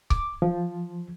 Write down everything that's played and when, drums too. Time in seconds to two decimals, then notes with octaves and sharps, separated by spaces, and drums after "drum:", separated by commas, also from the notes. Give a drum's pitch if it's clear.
0.10 D6, drum: kick C#1
0.42 F3